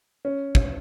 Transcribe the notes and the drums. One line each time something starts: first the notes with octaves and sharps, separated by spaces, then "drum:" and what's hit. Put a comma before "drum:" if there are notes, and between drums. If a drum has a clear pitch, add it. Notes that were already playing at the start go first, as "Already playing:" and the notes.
C#4
drum: kick